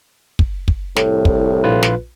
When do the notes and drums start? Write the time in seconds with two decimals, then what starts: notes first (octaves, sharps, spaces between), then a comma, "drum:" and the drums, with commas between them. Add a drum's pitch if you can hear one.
0.39 drum: kick
0.68 drum: kick
0.96 C2 A2, drum: snare
1.25 drum: kick
1.64 A#1 F4 B4
1.83 drum: snare